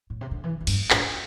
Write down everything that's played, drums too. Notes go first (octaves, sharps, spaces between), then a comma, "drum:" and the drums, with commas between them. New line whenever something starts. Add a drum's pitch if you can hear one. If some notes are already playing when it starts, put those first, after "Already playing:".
A2
C3
D3
E3
E2
G2, drum: cymbal
A2, drum: clap